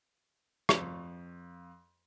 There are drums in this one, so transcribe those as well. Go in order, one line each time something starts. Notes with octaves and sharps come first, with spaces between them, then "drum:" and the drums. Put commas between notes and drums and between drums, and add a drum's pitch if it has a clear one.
F2, drum: rim click